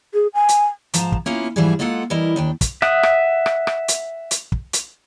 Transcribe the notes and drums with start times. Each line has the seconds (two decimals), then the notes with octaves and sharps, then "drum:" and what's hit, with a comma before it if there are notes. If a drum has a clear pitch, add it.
0.14 G#4
0.34 G#5
0.49 drum: hi-hat
0.94 G#2 F3 A5 A#5, drum: hi-hat
1.12 drum: kick
1.26 A#3 B3 C#4 E4 F4
1.56 G#2 E3 F3 G3 D4 G#4
1.79 G#3 A#3 F4 A4 F#5
2.10 E3 G3 E4 A#4 D#5
2.36 D#2 D4 G5
2.61 drum: kick, hi-hat
2.82 E5 F#5 D#6, drum: rim click
3.03 drum: rim click
3.46 drum: rim click
3.67 drum: rim click
3.88 drum: hi-hat
4.31 drum: hi-hat
4.52 drum: kick
4.73 drum: hi-hat